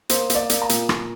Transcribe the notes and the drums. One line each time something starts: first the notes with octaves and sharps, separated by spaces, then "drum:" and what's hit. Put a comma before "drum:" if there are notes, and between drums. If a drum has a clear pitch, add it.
A#3 C5, drum: hi-hat
A#3, drum: hi-hat
D5
A#3, drum: hi-hat
A#5
A#2, drum: hi-hat
A#2, drum: rim click